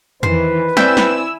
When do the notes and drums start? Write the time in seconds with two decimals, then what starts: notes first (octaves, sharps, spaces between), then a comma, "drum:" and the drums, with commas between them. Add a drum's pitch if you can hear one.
0.23 D#3 E3 B4 C5, drum: tom E2
0.77 C4 E4 D5 E5 G5 G#5 B5 E6, drum: snare
0.97 drum: snare